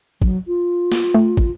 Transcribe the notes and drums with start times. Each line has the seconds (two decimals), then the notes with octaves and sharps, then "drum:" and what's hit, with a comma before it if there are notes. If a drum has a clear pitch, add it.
0.22 F#3, drum: kick
0.47 F4
0.92 drum: snare
1.14 A3
1.37 drum: kick